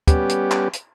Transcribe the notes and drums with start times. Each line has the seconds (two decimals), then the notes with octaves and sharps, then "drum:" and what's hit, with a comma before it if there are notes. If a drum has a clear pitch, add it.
0.08 G3 B3 C#4 G4, drum: kick, hi-hat
0.29 drum: hi-hat
0.51 drum: clap
0.73 drum: hi-hat